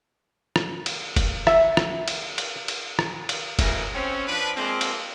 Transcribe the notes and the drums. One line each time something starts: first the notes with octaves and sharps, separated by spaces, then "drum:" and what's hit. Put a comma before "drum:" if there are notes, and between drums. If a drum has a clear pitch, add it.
drum: rim click
drum: cymbal
drum: kick, cymbal
E5, drum: rim click
drum: rim click
drum: cymbal
drum: cymbal
drum: cymbal
drum: rim click
drum: cymbal
C#3 E3 F#3 A3 D#4 A#4, drum: kick, cymbal
C4 C#4
F3 D4 B4
F3 G#3 A#3 C4
drum: cymbal